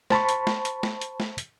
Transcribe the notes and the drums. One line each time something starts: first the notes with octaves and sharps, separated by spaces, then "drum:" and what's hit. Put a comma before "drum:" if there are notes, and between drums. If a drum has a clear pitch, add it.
C5 A5 B5 C#6, drum: snare
drum: hi-hat
drum: snare
drum: hi-hat
drum: snare
drum: hi-hat
drum: snare
drum: hi-hat